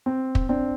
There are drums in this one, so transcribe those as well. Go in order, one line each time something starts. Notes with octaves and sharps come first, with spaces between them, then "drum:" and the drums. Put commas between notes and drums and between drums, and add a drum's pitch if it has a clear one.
C4
drum: kick
C4 D4